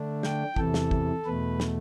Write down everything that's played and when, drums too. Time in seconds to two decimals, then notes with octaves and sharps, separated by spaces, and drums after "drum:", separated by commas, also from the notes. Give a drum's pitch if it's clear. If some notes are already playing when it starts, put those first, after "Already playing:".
Already playing: D3 A3 D4
0.23 G5, drum: snare
0.56 E2 C3 E3 A4, drum: kick
0.74 drum: snare
0.91 drum: kick
1.25 E2 B2 A3 B4
1.60 drum: snare